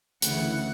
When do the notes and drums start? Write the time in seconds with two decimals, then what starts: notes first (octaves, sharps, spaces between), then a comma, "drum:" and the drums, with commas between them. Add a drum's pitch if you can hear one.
0.22 D2 C#3 E3 F#5, drum: hi-hat